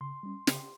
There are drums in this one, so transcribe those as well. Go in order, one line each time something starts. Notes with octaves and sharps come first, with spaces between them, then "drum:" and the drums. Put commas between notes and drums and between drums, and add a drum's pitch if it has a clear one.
C#3 C6
G3 C#4
C#3, drum: snare